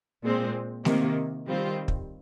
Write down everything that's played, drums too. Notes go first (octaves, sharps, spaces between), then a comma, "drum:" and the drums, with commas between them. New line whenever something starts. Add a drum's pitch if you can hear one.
A#2 G#3 C4
C3 D#3 A#3, drum: snare A3
D#3 G3 C4 F4
drum: kick